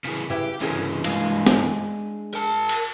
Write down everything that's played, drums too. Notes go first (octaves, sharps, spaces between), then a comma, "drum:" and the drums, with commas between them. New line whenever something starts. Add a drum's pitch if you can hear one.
C#3 E3
C#3 E4 G4 B4
G2 C#3 E3 G#4 A#4
G#3 D4 F5, drum: cymbal
drum: snare
A#4 A5
drum: cymbal